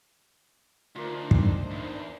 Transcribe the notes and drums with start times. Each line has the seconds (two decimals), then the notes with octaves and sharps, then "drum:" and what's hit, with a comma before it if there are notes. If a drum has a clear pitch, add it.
0.96 D2 A#3 D4 D#4 F4 C5
1.31 drum: kick
1.71 E2